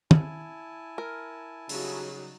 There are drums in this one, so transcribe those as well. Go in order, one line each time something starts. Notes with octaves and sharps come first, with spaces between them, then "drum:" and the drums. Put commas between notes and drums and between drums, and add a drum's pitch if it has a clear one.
E4 G#5 A5, drum: tom
A#4
C#3 F#3 G3 D#4, drum: open hi-hat